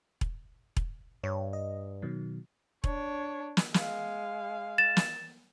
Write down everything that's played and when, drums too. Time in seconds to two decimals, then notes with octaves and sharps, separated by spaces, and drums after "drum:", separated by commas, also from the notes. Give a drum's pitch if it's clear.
0.21 drum: kick E1
0.77 drum: kick E1
1.24 G2 C#5
1.53 D#5
2.02 B2 D#3 F#3
2.84 D4 C#5, drum: kick E1
3.57 drum: snare
3.74 G#3 F5, drum: snare
4.78 A6 E7
4.97 drum: snare